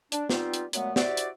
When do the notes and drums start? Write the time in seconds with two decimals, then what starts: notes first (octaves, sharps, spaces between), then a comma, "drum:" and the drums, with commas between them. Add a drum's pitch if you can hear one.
0.12 D4, drum: hi-hat
0.29 G3 B3 C4 D#4 F4, drum: snare
0.54 drum: hi-hat
0.73 A#2 F#3 G#3 A3 B3, drum: hi-hat
0.96 E4 F#4 G4 C5 D5, drum: snare
1.17 drum: hi-hat